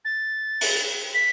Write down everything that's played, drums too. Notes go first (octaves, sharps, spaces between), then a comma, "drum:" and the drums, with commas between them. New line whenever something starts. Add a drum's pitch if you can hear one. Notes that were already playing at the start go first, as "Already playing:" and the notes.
A6
drum: open hi-hat
B6